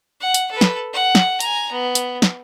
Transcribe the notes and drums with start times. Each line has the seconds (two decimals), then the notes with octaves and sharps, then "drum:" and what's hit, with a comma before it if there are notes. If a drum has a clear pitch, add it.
0.21 F#5
0.34 drum: hi-hat
0.51 A4 B4
0.61 drum: snare
0.93 F#5
1.15 drum: snare
1.40 G#5 A#5, drum: hi-hat
1.72 B3
1.95 drum: hi-hat
2.22 drum: snare